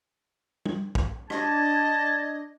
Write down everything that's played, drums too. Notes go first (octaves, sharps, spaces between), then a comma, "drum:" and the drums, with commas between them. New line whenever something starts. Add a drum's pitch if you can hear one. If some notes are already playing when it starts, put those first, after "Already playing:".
drum: tom
drum: kick
D4 D#5 A5 G#6, drum: rim click